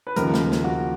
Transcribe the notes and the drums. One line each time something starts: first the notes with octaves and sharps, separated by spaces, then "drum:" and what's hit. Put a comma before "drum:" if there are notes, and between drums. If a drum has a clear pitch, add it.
B4
D#2 C#3 F3 A#4, drum: hi-hat
drum: snare
drum: snare
F#4